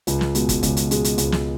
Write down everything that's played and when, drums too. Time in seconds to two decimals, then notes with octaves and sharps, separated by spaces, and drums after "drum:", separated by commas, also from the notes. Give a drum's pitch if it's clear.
0.07 C#2, drum: hi-hat
0.21 drum: snare
0.35 B2 G#3, drum: hi-hat
0.49 drum: kick, hi-hat
0.63 C#2, drum: kick, hi-hat
0.77 drum: hi-hat
0.91 B2 G#3, drum: hi-hat
1.04 drum: hi-hat
1.18 C#2, drum: hi-hat
1.32 drum: snare